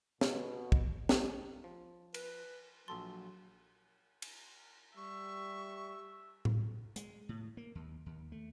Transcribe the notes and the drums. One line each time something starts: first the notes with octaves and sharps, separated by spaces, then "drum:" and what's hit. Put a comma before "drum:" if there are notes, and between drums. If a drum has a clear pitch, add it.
B2, drum: snare
drum: kick
drum: snare
F3
B4, drum: cymbal
A#1 F#3 A4 A5 C6
drum: cymbal
G3 E5 C#6
drum: tom A2
G#3, drum: hi-hat
A2
A#3
D#2
D#2
A3